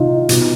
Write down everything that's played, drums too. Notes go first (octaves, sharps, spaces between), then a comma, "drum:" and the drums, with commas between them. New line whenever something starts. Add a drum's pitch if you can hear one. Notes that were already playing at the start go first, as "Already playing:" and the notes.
Already playing: C3 D#3 D#4 F4
B2, drum: hi-hat